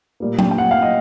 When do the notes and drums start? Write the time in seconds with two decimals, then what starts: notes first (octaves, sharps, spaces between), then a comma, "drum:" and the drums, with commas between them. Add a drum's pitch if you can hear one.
0.20 A#2 G3 A#3
0.39 G5, drum: tom F#3
0.51 G5
0.58 F#5
0.71 F5
0.82 D#5